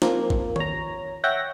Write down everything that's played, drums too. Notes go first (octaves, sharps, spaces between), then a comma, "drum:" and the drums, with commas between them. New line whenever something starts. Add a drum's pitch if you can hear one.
F3 A#3 C4, drum: snare
drum: kick G#1
C#5 A#5, drum: tom D#3
C#5 E5 F#5 G5 A#6